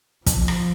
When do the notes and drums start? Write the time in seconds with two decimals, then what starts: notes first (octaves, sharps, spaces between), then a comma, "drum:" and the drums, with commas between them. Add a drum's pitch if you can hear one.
0.26 F3, drum: kick, hi-hat
0.48 drum: rim click